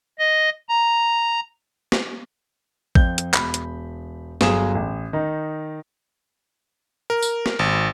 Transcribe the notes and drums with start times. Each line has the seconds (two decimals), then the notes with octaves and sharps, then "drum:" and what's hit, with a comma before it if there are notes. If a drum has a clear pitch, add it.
0.19 D#5
0.69 A#5
1.92 drum: snare
2.95 F2 G6, drum: kick A1
3.18 drum: hi-hat
3.34 E1 B5, drum: clap
3.54 drum: hi-hat
4.41 G1 F#3 G#4 D#6 E7, drum: snare
4.75 A1
5.13 D#3 D#4
7.10 A#4
7.22 drum: tambourine
7.46 drum: snare
7.59 G#1